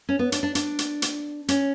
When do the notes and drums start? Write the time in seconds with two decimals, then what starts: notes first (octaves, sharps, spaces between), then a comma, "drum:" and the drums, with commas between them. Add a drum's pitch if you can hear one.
0.09 C#4
0.19 B3
0.32 D4, drum: hi-hat
0.43 D4
0.55 D4, drum: hi-hat
0.79 drum: hi-hat
1.02 drum: hi-hat
1.48 C#4, drum: hi-hat